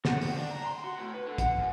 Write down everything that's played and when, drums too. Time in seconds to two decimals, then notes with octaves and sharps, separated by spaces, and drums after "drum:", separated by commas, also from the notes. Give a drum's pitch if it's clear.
0.05 F#4, drum: snare
0.21 G2, drum: open hi-hat
0.37 D4
0.51 A#5
0.66 C6
0.84 F#4
0.98 A2
1.14 B4
1.26 D3
1.38 F#5, drum: kick, hi-hat
1.59 F#2